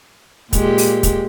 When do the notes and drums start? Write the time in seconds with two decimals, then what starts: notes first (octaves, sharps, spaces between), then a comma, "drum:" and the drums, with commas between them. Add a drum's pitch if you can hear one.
0.53 A#2 G#3 G4, drum: kick, hi-hat
0.78 drum: open hi-hat
1.03 drum: kick, hi-hat